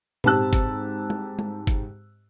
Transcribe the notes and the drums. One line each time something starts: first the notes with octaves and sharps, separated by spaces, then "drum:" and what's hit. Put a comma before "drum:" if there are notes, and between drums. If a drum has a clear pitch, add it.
G#2 C4 G4 A5 E6 F#6, drum: tom A#2
drum: kick G1, hi-hat
drum: tom G#3
drum: tom G#3
drum: kick G1, hi-hat